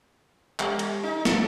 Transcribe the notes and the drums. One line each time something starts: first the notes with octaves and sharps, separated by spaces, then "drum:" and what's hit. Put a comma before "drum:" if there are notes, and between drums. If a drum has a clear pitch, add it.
G3, drum: clap
drum: cymbal
D#4
A4, drum: snare